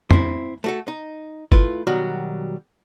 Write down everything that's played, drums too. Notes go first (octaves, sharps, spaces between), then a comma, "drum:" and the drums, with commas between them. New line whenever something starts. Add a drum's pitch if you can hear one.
C4 E4, drum: tom
A3 F#4 A4
D#4
A3 E4 F4 B4, drum: kick G#1
B2 D#3 F#3 G3 F#4